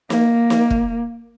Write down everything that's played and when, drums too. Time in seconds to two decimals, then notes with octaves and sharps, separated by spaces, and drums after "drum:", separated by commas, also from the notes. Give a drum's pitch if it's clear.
0.10 A#3, drum: snare
0.50 drum: snare
0.70 drum: kick